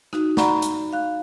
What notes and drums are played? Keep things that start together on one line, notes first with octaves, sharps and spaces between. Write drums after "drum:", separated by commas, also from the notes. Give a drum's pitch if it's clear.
D#4 F#4, drum: rim click
D5 F#5 A#5 B5 C#6, drum: snare
drum: hi-hat
F5 F#6